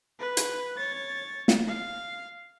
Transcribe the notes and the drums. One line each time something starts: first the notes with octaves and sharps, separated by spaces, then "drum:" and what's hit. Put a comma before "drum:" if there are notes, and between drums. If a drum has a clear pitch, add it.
B4
drum: hi-hat
C#5 A6
drum: snare
F5